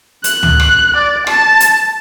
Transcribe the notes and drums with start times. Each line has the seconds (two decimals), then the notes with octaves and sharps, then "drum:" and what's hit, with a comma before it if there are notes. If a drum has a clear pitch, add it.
0.24 F#6, drum: hi-hat
0.43 drum: tom C#2
0.60 drum: rim click
0.96 D5
1.27 A5, drum: rim click
1.60 drum: hi-hat